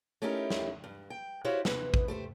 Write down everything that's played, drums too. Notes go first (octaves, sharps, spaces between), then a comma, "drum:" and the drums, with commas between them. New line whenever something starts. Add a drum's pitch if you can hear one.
A3 C#4 D#4 E4 G4 A#4
drum: snare
G2
G5
E4 F#4 G4 C5 C#5 F5
C3 E3 B3, drum: snare
drum: kick
A3 G4 C5